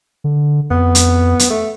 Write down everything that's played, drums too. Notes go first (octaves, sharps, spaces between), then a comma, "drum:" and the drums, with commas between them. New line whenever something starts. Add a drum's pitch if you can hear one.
D3
F2 B3
drum: hi-hat
drum: hi-hat
A3